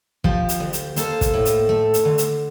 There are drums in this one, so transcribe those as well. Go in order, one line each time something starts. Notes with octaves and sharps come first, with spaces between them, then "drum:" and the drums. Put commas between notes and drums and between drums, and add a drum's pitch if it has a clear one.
F3 G4, drum: kick
drum: hi-hat
D2
drum: hi-hat
A#3 A4 C5, drum: hi-hat
drum: kick, hi-hat
A2
drum: hi-hat
A3
drum: hi-hat
D3
drum: hi-hat